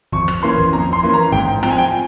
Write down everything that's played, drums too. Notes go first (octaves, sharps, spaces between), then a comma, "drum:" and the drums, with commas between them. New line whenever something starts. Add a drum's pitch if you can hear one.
F2 C#6, drum: kick
drum: rim click
E3 A#3 C#4 C6
drum: kick
F2 A#5
C6
E3 A#3 C#4
A#5
G#2 G5, drum: kick
F3 C4 G5, drum: rim click
G#5
G5